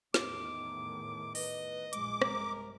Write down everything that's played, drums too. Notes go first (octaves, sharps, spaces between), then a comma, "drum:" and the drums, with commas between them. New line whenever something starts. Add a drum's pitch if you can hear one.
E2 A2 D#3 D6, drum: snare
B4 D#5, drum: open hi-hat
A#1 F#2 A#2 G#3 D6, drum: hi-hat
G2 C3 A#4, drum: rim click